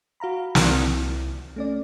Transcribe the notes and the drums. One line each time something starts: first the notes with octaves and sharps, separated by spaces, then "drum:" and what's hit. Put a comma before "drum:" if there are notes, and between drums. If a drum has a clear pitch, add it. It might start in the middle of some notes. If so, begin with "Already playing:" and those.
F#4 F5 A#5 B5
C2 C4 E4, drum: snare
A3 C#4 D5